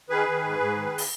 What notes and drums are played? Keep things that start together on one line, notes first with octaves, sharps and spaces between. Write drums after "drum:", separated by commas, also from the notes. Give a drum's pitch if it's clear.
D#3 G#4 B4
D#3
G#2
G#2
D#3
drum: open hi-hat